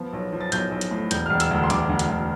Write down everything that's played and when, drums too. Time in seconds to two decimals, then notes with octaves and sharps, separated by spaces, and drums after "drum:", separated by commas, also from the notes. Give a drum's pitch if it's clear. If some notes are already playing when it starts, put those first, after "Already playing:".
Already playing: F3 B3
0.13 B1
0.33 F3
0.41 A6
0.52 B1 G6, drum: hi-hat
0.71 B1
0.81 drum: hi-hat
0.91 A2
1.11 E1 G6, drum: hi-hat
1.26 E1 F6
1.40 E6, drum: hi-hat
1.51 D2 E6
1.63 C6
1.70 D2 D6, drum: hi-hat
1.89 D2
1.99 drum: hi-hat
2.09 D2